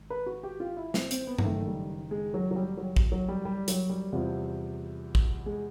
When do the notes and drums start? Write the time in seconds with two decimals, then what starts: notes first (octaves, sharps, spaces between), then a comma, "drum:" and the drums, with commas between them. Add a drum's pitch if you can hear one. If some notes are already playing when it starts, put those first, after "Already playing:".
Already playing: G#1
0.10 B4
0.27 F#4
0.43 G4
0.60 F4
0.77 E4
0.94 C4, drum: snare
1.11 C4, drum: hi-hat
1.27 B3
1.38 A#3, drum: tom G2
1.44 F#1 F#2 D#3 A3
1.67 G3
2.11 G#3
2.34 F#3
2.51 F#3
2.56 G3
2.77 F#3
2.96 drum: kick A#1
3.12 F#3
3.28 G3
3.45 G3
3.68 F#3, drum: hi-hat
3.89 G3
4.12 E2 C3 F3
5.15 drum: kick A#1
5.46 G#3